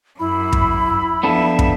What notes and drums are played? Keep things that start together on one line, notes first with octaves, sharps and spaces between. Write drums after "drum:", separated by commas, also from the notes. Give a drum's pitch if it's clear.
F#2 E4 B5
drum: kick
F3 B3 D4 A4 E5
drum: kick